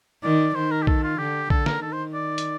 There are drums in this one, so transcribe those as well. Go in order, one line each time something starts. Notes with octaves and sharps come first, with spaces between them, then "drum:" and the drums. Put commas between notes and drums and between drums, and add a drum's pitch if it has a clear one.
D#3 D5
D#3 C5
A#4
G4
A4, drum: kick A#1
F4
D3 G4
D3 A4, drum: kick A#1
A#4, drum: snare
D#3 A4
C5
D5
drum: hi-hat